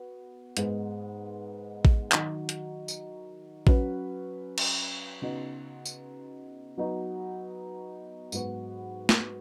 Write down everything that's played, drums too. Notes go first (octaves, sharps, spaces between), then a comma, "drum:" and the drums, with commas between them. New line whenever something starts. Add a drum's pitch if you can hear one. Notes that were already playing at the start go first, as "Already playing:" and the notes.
Already playing: B3 F#4
G#2 G#3 B3, drum: hi-hat
drum: kick A1
D#3 F#3 D#4 F#4, drum: clap
drum: hi-hat
drum: tambourine
F#3 C#4 B4, drum: kick A1
drum: cymbal
C#3 B3 D#4 F#4
drum: tambourine
F#3 B3 D#4 F#4
G#2 F#3 B3 F#4, drum: tambourine
drum: snare